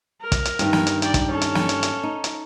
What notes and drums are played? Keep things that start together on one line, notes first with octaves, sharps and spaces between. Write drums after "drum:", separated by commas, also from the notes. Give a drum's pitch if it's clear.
A#4
drum: kick, hi-hat
drum: hi-hat
G2 D#3, drum: hi-hat
drum: snare
drum: hi-hat
D5 G5, drum: hi-hat
drum: kick, hi-hat
C#4 A4
drum: hi-hat
drum: snare
drum: hi-hat
drum: hi-hat
D#4
drum: hi-hat